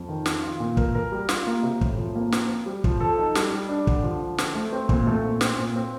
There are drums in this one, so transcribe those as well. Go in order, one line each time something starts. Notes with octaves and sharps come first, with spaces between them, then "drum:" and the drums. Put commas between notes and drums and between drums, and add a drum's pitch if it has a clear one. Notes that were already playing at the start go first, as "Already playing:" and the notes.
Already playing: F2
D#3
F4, drum: snare
F4
A#2
A#4, drum: kick
A#4
G3
F4, drum: snare
A#3
C3
A2, drum: kick
F3
A#3
C4, drum: snare
C4
G3
F3, drum: kick
A4
D#4
G3, drum: snare
G3
D4
D3, drum: kick
F3
D3
C4, drum: snare
A3
C4
A#2, drum: kick
A3
A#2
C4, drum: snare
A#2
C4